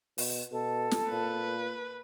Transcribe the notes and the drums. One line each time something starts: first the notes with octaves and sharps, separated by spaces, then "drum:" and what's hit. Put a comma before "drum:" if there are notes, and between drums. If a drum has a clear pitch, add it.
B2, drum: open hi-hat
B2 A4
drum: snare
A#2 B4